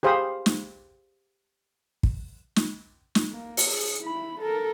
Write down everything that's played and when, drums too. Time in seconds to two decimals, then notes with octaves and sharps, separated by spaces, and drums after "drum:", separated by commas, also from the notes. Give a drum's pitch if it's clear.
0.03 G4 G#4 C5 F5 B5 D#6
0.46 drum: snare
2.03 drum: kick
2.56 drum: snare
3.15 drum: snare
3.31 A#3
3.57 drum: open hi-hat
3.70 G#4
4.04 E4 B5
4.41 A4 A#4